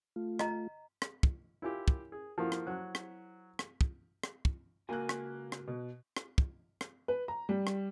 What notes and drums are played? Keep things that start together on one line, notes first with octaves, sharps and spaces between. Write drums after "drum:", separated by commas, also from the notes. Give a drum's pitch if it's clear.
A3 F4
D#5 A#5, drum: rim click
drum: rim click
drum: kick
E4 F4 G4 A#4 C#5 G#5
drum: kick
G#4
F3 A#3 E4 F#4 G4 A4
drum: rim click
F#3 C5
drum: rim click
drum: rim click
drum: kick
drum: rim click
drum: kick
C#2 A#3 F#4 G#5 F#6
drum: rim click
drum: rim click
B2
drum: rim click
drum: kick
drum: rim click
B4
A#5
G3
drum: rim click